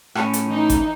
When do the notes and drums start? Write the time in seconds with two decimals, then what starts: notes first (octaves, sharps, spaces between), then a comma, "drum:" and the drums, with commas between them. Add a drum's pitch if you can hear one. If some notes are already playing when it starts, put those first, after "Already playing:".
0.15 A2 C#4, drum: rim click
0.33 drum: hi-hat
0.47 E3 D#4
0.70 drum: kick G#1, hi-hat